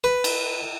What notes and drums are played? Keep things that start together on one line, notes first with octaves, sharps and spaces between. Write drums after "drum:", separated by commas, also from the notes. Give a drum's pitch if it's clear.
B4
drum: cymbal